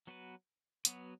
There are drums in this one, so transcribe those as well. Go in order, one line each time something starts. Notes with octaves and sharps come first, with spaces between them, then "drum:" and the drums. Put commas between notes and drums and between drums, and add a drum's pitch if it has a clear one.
F#3 B3 F#4 B4
F#3 B3 F#4 B4, drum: hi-hat